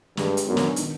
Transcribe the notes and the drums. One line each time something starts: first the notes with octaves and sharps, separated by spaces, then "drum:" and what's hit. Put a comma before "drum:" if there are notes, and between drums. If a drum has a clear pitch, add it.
G2 G#3, drum: snare
drum: hi-hat
F#2 B3 D4 F#4
drum: snare
D#3, drum: hi-hat